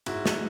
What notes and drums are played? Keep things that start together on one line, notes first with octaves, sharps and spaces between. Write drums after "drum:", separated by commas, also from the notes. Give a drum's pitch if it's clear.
G#2 E4 F#4, drum: cymbal
drum: snare